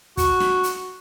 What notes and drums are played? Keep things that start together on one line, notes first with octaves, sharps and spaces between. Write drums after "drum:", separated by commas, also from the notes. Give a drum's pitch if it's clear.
F#4, drum: kick, hi-hat
drum: snare
drum: hi-hat